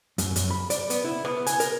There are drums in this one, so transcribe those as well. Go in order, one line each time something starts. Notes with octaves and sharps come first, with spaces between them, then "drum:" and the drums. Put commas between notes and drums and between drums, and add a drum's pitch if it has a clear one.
F#2, drum: hi-hat
F#2, drum: hi-hat
B5
D5, drum: hi-hat
B3, drum: hi-hat
E4
B3, drum: rim click
G#5, drum: hi-hat
A#4, drum: hi-hat